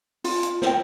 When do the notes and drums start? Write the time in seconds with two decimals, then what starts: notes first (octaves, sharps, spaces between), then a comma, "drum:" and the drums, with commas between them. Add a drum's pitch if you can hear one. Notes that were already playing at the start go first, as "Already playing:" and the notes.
0.24 F4, drum: open hi-hat
0.43 drum: hi-hat
0.62 C5 D#5 G5, drum: snare